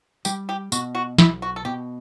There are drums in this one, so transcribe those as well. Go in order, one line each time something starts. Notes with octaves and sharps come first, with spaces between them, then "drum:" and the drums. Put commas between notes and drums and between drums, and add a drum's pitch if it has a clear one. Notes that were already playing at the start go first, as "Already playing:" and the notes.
G3 G4, drum: tambourine
G4
B2 F#4, drum: tambourine
F#4
B1 E4, drum: snare
F#4
A4
B2 G4